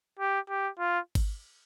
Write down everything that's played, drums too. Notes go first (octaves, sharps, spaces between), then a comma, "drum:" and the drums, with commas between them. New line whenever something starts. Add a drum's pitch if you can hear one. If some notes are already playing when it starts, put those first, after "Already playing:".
G4
G4
F4
drum: kick G#1, cymbal